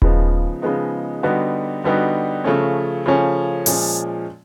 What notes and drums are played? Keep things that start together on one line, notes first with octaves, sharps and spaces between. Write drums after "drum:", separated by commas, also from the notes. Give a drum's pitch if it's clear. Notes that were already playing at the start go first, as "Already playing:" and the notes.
C#3 F3 G#3 B3 D#4, drum: kick D#1
C#3 F3 G#3 B3 D#4
D3 G3 B3 D#4 F#4
D3 G3 B3 D#4 F#4
C#3 F3 A3 C#4
C#3 F3 A3 C#4
A#2 F3 G#3 C#4, drum: open hi-hat